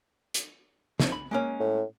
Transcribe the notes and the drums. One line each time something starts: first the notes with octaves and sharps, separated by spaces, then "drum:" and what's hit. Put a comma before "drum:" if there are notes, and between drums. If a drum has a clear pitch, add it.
drum: hi-hat
F3 C4 D#4, drum: snare
B5
G#3 A#3 C#4
A2